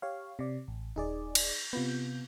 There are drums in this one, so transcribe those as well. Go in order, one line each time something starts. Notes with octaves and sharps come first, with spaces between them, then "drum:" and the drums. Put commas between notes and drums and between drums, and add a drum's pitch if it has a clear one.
G4 C#5 F5
C3 D5
A1
D#1 D#4 G#4 D5
drum: cymbal
C3 B3 F4 G6